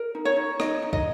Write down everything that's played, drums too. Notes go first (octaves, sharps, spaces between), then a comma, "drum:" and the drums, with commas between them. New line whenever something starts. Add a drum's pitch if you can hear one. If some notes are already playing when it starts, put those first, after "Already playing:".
Already playing: A#4
D#4
C#5
D#4
D#4 D#5, drum: rim click
D#4
D#5, drum: kick